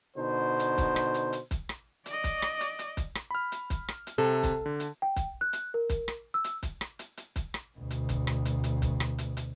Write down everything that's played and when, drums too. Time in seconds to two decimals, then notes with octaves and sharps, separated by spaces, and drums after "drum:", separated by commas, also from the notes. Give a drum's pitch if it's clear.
0.17 B2 D3 D#4 C5
0.59 drum: hi-hat
0.78 drum: kick, hi-hat
0.96 drum: rim click
1.14 drum: hi-hat
1.33 drum: hi-hat
1.51 drum: kick, hi-hat
1.69 drum: rim click
2.06 D5 D#5, drum: hi-hat
2.24 drum: kick, hi-hat
2.42 drum: rim click
2.61 drum: hi-hat
2.79 drum: hi-hat
2.97 drum: kick, hi-hat
3.15 drum: rim click
3.31 B5 F6
3.52 drum: hi-hat
3.70 drum: kick, hi-hat
3.88 drum: rim click
4.07 drum: hi-hat
4.18 C3 A4
4.43 drum: kick, hi-hat
4.66 D3
4.80 drum: hi-hat
5.02 G5
5.16 drum: kick, hi-hat
5.41 F#6
5.53 drum: hi-hat
5.74 A#4
5.89 drum: kick, hi-hat
6.08 drum: rim click
6.34 E6
6.44 drum: hi-hat
6.63 drum: kick, hi-hat
6.81 drum: rim click
6.99 drum: hi-hat
7.17 drum: hi-hat
7.36 drum: kick, hi-hat
7.54 drum: rim click
7.79 D2 B2
7.91 drum: hi-hat
8.09 drum: kick, hi-hat
8.27 drum: rim click
8.45 drum: hi-hat
8.64 drum: hi-hat
8.82 drum: kick, hi-hat
9.00 drum: rim click
9.18 drum: hi-hat
9.37 drum: hi-hat